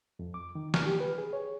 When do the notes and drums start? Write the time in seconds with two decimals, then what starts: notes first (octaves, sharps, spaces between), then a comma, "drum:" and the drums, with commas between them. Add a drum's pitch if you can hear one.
0.19 F2
0.34 D6
0.55 D#3
0.74 F6, drum: snare
0.86 G4
1.00 B4
1.18 G#4
1.33 C#5